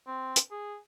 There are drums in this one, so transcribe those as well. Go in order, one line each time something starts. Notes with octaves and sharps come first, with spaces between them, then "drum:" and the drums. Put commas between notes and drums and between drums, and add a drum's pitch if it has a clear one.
C4
drum: hi-hat
G#4